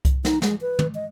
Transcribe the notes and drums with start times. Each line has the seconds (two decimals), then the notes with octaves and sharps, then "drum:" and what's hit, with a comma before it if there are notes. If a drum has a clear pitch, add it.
0.05 drum: kick C2, hi-hat
0.25 D#4, drum: snare
0.42 G#3, drum: snare
0.61 B4
0.79 drum: tom
0.95 D#5